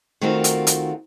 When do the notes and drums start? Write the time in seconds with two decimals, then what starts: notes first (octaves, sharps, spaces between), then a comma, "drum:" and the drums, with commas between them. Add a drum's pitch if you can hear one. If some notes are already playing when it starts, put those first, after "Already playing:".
0.21 D#3 A3 C4 F4 F#4 A#4
0.44 drum: hi-hat
0.67 drum: hi-hat